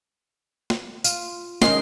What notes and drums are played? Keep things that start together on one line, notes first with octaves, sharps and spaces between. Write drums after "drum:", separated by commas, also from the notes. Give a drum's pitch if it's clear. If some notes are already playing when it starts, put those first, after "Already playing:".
drum: snare
F4, drum: tambourine
D#3 G#3 C#4 A#4 D#5 C6, drum: snare